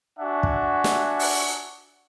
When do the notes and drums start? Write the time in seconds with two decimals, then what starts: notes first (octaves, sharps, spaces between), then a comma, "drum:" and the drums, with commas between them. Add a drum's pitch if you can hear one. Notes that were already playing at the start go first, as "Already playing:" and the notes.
0.19 D4 F#4 E5 F#5 G#5
0.43 drum: kick
0.84 drum: snare
1.19 drum: open hi-hat